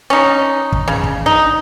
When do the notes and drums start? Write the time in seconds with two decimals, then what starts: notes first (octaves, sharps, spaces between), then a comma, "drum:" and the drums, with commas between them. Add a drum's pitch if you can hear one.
0.10 C#4 D#4
0.73 drum: kick
0.88 C#3
1.04 drum: kick
1.26 D#4